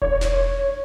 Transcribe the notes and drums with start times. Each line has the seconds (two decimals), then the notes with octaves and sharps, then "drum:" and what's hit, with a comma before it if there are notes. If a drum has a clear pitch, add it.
0.02 C#5, drum: kick E1
0.21 drum: snare